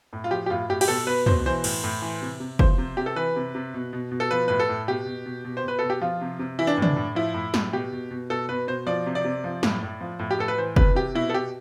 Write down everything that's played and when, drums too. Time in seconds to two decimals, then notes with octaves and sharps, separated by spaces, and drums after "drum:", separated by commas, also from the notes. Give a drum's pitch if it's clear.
0.13 A2
0.24 F4
0.31 F3 G4
0.46 G4
0.50 A2 F4
0.69 A2 G4
0.81 G4, drum: cymbal
0.88 B2 A4
1.07 B2 B4
1.26 B2 C5, drum: tom
1.46 E3 C5
1.64 A2, drum: cymbal
1.84 A2
2.02 E3
2.22 C3
2.40 C3
2.59 F3 C5, drum: kick
2.78 C3
2.97 C3 G4
3.06 A4
3.16 E3 B4
3.36 C3
3.55 C3
3.74 B2
3.93 B2
4.11 B2
4.20 A4
4.31 F3 B4
4.48 A2 B4
4.60 A4
4.69 A2
4.88 B2 G4
5.06 B2
5.26 B2
5.44 B2
5.57 C5
5.63 B2 B4
5.79 B2 A4
5.90 G4
6.01 F3 F4
6.21 C3
6.39 C3
6.59 E3 E4
6.67 D4
6.77 A2
6.82 D4, drum: tom
6.96 A2
7.15 F3 E4
7.34 A2
7.54 A2, drum: snare
7.72 B2 G4
7.92 B2
8.11 B2
8.30 B2 A4
8.49 B2 B4
8.67 B2 C5
8.87 F3 D5
9.06 C3
9.15 D5
9.25 C3
9.44 F3
9.63 A2, drum: snare
9.82 A2
10.01 F3
10.19 A2
10.31 G4
10.39 A2 A4
10.48 B4
10.58 E3 C5
10.76 C3 B4, drum: kick
10.95 C3 G4
11.15 B2 E4
11.30 A4
11.34 B2 G4